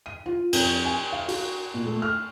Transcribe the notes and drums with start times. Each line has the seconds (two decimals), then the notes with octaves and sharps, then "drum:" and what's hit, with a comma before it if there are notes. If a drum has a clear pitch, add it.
0.06 D#7
0.26 F4
0.53 F2, drum: cymbal
0.85 G#5
1.12 F5
1.28 F#4, drum: open hi-hat
1.74 A#2
1.86 A3
2.02 F6